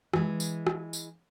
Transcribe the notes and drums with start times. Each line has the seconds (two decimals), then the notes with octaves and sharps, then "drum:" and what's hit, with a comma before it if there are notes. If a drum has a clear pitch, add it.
0.13 E3 G#3, drum: rim click
0.40 drum: tambourine
0.67 drum: rim click
0.93 drum: tambourine